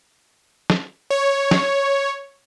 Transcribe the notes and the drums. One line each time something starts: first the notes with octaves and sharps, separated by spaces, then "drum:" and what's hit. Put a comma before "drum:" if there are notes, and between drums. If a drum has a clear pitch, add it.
drum: snare
C#5
drum: snare